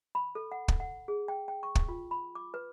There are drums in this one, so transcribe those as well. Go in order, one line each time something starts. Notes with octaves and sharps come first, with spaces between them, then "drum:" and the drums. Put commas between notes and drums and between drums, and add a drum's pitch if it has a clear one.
B5
A4
F#5
drum: kick
F#5
G#4
G5
G5
C#6
drum: kick
F4
B5
D6
B4